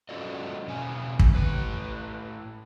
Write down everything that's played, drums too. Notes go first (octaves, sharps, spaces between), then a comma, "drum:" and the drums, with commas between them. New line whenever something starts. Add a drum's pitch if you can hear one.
C#4 F4 F#4 A4 D5 D#5
E2 B2 C#4 G#5
drum: kick
A2 B4